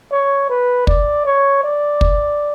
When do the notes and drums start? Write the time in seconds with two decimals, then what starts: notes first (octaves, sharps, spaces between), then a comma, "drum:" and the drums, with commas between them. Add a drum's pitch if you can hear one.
0.12 C#5
0.50 B4
0.87 D5, drum: kick
1.26 C#5
1.64 D5
2.01 drum: kick